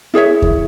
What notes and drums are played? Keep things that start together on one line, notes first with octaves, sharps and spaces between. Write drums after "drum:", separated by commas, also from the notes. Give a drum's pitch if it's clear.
E4 G#4 C#5 E5
drum: kick D#2